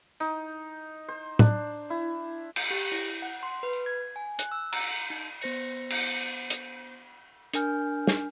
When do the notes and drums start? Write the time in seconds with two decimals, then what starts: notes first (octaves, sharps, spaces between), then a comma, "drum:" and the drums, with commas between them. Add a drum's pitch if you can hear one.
0.20 D#4, drum: tambourine
1.08 C5
1.39 D4, drum: tom A2
1.90 E4
2.56 drum: cymbal
2.71 G4
2.92 E4, drum: open hi-hat
3.22 F#5
3.43 C6
3.63 B4
3.73 drum: tambourine
3.86 G#6
4.16 G#5
4.39 F#6, drum: hi-hat
4.51 E6
4.72 A#5, drum: cymbal
5.10 D#4
5.42 B3 C5 A#6 C#7, drum: open hi-hat
5.90 drum: cymbal
6.50 drum: hi-hat
7.54 D4 A#4 G#5 F6 G6, drum: hi-hat
8.07 drum: snare